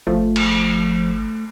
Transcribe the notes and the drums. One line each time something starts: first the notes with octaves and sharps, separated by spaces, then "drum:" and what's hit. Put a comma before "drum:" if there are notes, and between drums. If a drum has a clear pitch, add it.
G1 F3 A3
drum: cymbal